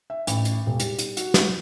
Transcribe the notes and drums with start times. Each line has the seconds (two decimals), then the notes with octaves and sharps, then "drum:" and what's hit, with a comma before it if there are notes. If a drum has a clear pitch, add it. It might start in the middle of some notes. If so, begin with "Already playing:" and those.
0.10 E5
0.27 A1, drum: hi-hat
0.45 drum: hi-hat
0.66 E1
0.79 G3, drum: hi-hat
0.99 drum: hi-hat
1.17 F#4, drum: hi-hat
1.34 drum: snare